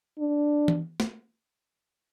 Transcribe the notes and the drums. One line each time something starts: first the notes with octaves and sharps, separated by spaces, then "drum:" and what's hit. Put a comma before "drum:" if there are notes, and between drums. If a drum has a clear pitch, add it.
D4
drum: tom E3
drum: snare